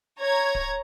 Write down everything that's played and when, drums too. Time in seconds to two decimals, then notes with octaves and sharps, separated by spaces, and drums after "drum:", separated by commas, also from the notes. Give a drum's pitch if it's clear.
0.18 C#5 A#5 G#6
0.55 drum: kick D1